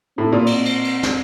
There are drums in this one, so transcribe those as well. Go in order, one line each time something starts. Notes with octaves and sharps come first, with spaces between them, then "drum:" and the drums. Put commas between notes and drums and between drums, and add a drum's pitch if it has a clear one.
A2 C4
A#2
C4, drum: cymbal
drum: cymbal
drum: cymbal
drum: snare